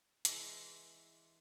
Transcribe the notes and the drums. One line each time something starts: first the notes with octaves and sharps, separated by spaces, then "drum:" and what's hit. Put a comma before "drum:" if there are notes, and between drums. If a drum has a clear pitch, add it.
E3 G#3, drum: hi-hat